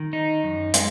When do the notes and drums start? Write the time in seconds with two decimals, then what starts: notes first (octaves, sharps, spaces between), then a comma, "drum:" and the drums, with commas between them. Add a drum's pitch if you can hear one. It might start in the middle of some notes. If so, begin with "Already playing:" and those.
Already playing: D#3
0.13 D#4
0.44 F#2
0.74 G#3, drum: hi-hat